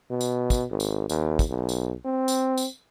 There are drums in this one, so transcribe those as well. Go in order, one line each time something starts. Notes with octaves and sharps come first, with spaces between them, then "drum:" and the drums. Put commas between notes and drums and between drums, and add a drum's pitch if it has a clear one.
B2
drum: tambourine
drum: kick, tambourine
G#1
drum: tambourine
D#2, drum: tambourine
drum: kick, tambourine
B1
drum: tambourine
C4
drum: tambourine
drum: tambourine